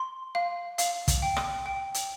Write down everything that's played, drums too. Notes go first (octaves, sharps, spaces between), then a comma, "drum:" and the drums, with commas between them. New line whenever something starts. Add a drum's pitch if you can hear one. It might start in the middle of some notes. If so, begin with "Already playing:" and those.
Already playing: C6
F5
F5, drum: hi-hat
drum: kick, hi-hat
G5
drum: rim click
G5
drum: hi-hat